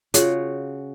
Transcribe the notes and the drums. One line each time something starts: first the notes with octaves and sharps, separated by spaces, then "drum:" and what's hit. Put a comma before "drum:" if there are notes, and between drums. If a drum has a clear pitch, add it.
C#3 F4 F#4, drum: hi-hat